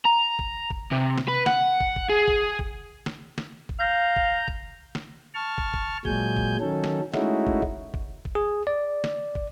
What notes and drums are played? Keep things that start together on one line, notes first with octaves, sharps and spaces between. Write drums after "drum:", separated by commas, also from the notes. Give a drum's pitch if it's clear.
A#5
drum: kick
drum: kick
C3
drum: snare
B4
F#5, drum: snare
drum: kick
drum: kick
G#4
drum: kick
drum: kick
drum: snare
drum: snare
drum: kick
F5 A#5 G6
drum: kick
drum: kick
drum: snare
A5 C#6 F6
drum: kick
drum: kick
A#2 F#3 G#3 G#5 G6, drum: kick
drum: kick
D#3 F#3 C#4 A4
drum: snare
G#3 A3 C#4 D#4 E4 F#4, drum: snare
drum: kick
drum: kick
drum: kick
drum: kick
G#4
D5
drum: snare
drum: kick